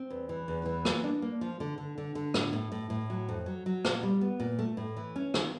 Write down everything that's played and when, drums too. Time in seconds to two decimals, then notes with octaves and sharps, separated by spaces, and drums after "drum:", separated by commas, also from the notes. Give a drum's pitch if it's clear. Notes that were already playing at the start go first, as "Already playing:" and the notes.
Already playing: C4
0.10 E2
0.29 E3
0.48 E2
0.65 E3
0.85 A#3, drum: rim click
1.04 D4
1.22 A#3
1.41 F3
1.60 D3
1.78 D3
1.98 D3
2.15 D3
2.34 A2, drum: rim click
2.53 A2
2.72 A2
2.90 A2
3.10 F#3
3.29 F2
3.46 F#3
3.66 F#3
3.85 A#2, drum: rim click
4.03 G3
4.21 B3
4.40 A#2
4.59 A3
4.77 A2
4.96 E3
5.16 C#4
5.34 D#3, drum: rim click